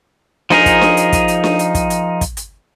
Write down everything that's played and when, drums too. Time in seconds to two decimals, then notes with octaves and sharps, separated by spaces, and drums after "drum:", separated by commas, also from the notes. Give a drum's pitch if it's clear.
0.50 F3 D#4 G#4 A#4, drum: snare D4
0.66 drum: kick, hi-hat
0.81 drum: snare D4
0.97 drum: hi-hat
1.13 drum: kick, hi-hat
1.28 drum: hi-hat
1.44 drum: snare D4
1.59 drum: hi-hat
1.75 drum: kick, hi-hat
1.90 drum: hi-hat
2.21 drum: kick, hi-hat
2.37 drum: hi-hat